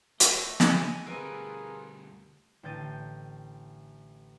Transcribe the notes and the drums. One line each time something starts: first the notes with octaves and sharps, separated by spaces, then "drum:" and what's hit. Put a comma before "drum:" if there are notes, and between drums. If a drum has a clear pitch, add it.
A3 D#5 E5, drum: hi-hat
G#5, drum: snare
D2 G3 C4 F4 G#4 A#4 B4
A1 D3 G5 G6 A6 D#7